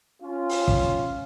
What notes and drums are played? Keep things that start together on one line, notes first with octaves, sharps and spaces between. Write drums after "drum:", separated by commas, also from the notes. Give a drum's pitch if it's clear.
C#4 F4
drum: open hi-hat
drum: kick